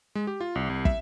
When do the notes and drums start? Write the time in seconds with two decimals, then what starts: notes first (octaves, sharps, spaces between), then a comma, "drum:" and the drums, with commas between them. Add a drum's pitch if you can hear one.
0.15 G#3
0.27 G4
0.41 F4
0.55 C2
0.70 C2
0.85 E5, drum: kick